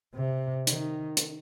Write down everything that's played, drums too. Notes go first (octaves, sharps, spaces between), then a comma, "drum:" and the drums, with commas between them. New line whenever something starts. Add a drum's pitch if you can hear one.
C3
D#3, drum: hi-hat
drum: hi-hat